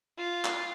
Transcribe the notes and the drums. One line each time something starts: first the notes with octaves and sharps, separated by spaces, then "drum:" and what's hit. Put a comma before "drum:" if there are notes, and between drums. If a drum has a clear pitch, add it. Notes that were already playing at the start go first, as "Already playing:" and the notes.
F4
drum: clap